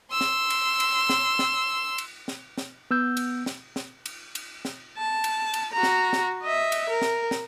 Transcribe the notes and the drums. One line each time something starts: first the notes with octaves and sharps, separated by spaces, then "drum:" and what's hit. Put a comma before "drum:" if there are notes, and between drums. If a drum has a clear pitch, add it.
C6 E6
drum: snare
drum: cymbal
drum: cymbal
drum: snare
drum: snare
drum: cymbal
drum: snare
drum: snare
B3 E6 G6
drum: cymbal
drum: snare
drum: snare
drum: cymbal
drum: cymbal
drum: snare
A5
drum: cymbal
drum: cymbal
F#4 A#5
drum: snare
drum: snare
D#5 E5
drum: cymbal
A#4
drum: snare
drum: snare